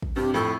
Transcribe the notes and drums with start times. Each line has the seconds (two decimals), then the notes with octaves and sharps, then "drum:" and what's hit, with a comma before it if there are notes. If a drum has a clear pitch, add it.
0.02 drum: kick
0.16 G2 C3 G4
0.34 F2 A2 A4